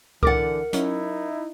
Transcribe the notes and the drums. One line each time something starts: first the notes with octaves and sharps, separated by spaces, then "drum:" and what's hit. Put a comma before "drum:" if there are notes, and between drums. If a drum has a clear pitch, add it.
D3 E3 A#4 F#5 D6 A6, drum: kick C#2
F#3 C#4 D#4 E4, drum: hi-hat